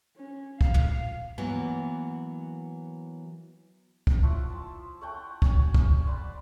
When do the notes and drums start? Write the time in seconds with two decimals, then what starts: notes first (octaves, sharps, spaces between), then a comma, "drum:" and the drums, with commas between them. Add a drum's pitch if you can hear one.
0.17 C#4
0.61 F5, drum: kick
0.74 drum: tom
1.38 E3 F#3 A#3 B3
4.07 drum: kick
4.22 F3 E4 C#5 F#5
4.49 C5 A5
5.01 A3 C#5 F#5 G5
5.42 F#4 C#5 G#5, drum: kick
5.74 F5, drum: kick
6.06 C5 D5 F#5 B5